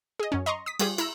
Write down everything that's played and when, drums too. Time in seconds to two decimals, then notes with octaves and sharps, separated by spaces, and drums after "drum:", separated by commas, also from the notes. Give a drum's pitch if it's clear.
0.20 G#4 D#5
0.32 F#2 C#4
0.46 D#5 A#5 C6 C#6
0.66 D#6 B6
0.79 G3 F4 G4 G#4, drum: cymbal
0.98 E4 A#5 E6, drum: cymbal